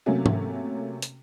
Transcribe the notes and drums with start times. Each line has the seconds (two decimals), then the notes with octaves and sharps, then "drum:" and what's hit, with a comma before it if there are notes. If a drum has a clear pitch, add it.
0.06 C3 F#3 A3 A#3 C#4 F#4
0.26 drum: tom
1.02 drum: hi-hat